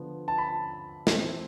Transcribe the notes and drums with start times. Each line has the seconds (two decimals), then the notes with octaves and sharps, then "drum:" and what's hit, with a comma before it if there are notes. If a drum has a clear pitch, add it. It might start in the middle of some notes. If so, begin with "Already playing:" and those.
Already playing: D3 F3 B3
0.28 A5
0.38 B5
0.48 A5
1.07 E3 A3 C4, drum: snare